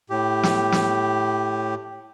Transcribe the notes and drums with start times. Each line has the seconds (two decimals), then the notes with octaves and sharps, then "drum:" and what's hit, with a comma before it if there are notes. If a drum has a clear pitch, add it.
0.10 A2 G4
0.43 drum: snare
0.72 drum: snare